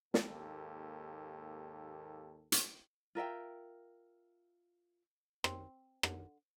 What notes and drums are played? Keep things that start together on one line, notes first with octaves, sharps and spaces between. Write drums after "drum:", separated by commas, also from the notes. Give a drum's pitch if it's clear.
D#2 G#2 A#3 G4 A4, drum: snare
drum: hi-hat
F4 A#4 E5 G5
C4, drum: rim click
D3, drum: rim click